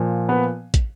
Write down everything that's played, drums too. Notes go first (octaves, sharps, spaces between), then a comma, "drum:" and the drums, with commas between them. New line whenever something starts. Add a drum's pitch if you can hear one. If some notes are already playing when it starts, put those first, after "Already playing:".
Already playing: A#2 F3
B3 B4
drum: kick, hi-hat